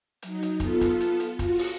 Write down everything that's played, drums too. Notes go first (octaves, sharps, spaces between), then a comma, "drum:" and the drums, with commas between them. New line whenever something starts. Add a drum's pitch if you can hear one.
F#3 D#4, drum: hi-hat
drum: hi-hat
B3 F4 A4, drum: kick, hi-hat
drum: kick, hi-hat
drum: hi-hat
drum: hi-hat
F4 F#4, drum: kick, hi-hat
drum: open hi-hat